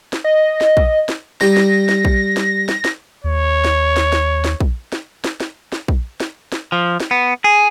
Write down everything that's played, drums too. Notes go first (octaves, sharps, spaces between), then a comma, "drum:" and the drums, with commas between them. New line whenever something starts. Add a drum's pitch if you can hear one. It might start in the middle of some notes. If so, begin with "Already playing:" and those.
drum: snare
D#5
drum: snare
drum: kick A#1
drum: snare
G3 G5 A#5 A#6, drum: snare
drum: snare
drum: snare
drum: kick A#1
drum: snare
drum: snare
drum: snare
D#2 C#5
drum: snare
drum: snare
drum: snare
drum: snare
drum: kick A#1
drum: snare
drum: snare
drum: snare
drum: snare
drum: kick A#1
drum: snare
drum: snare
F3
drum: snare
B3
G#4